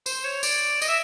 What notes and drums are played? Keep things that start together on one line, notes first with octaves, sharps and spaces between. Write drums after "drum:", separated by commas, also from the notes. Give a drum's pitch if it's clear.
C5, drum: tambourine
C#5
D5, drum: tambourine
D#5, drum: tambourine
E5